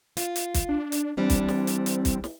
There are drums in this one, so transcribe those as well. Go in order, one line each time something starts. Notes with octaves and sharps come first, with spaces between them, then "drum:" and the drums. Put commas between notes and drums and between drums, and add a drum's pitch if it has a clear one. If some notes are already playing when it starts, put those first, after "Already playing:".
F4, drum: hi-hat
drum: hi-hat
drum: kick, hi-hat
D4
drum: hi-hat
E3 G3 C4 D4
drum: kick, hi-hat
drum: snare
drum: hi-hat
drum: hi-hat
drum: kick, hi-hat
drum: snare